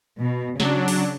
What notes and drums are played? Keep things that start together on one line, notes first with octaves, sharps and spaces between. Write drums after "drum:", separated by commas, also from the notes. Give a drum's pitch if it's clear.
B2
C#3 F#3 D4, drum: snare
drum: open hi-hat